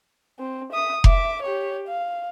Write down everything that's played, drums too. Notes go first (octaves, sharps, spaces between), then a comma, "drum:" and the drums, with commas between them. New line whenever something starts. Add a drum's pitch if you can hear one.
C4
E5 D#6
E5 D6, drum: kick F1
G4 C#5
F5